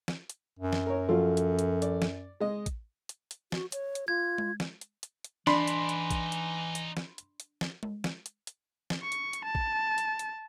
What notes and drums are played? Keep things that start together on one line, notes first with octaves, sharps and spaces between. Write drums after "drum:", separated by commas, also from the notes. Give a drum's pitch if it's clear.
drum: snare
drum: hi-hat
F#2
drum: snare
A#4 C#5
F3 F#3 F4 A4
drum: hi-hat
drum: hi-hat
D5, drum: hi-hat
drum: snare
G#3 D#5
drum: kick A1, hi-hat
drum: hi-hat
drum: hi-hat
F#4, drum: snare
C#5, drum: hi-hat
drum: hi-hat
F4 G#6
drum: tom G#3
drum: snare
drum: hi-hat
drum: hi-hat
drum: hi-hat
E3 D4 D#4 D5 B5 C6, drum: snare
drum: hi-hat
drum: hi-hat
drum: kick A1, hi-hat
drum: hi-hat
drum: hi-hat
drum: snare
drum: hi-hat
drum: hi-hat
drum: snare
drum: tom G#3
drum: snare
drum: hi-hat
drum: hi-hat
drum: snare
C#6
drum: hi-hat
drum: hi-hat
A5
drum: kick A1
drum: hi-hat
drum: hi-hat